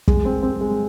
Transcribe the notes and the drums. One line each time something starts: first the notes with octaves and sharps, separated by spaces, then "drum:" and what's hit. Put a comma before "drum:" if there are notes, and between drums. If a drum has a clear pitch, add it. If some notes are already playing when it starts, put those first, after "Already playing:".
G#3, drum: kick
C4
C4
G#3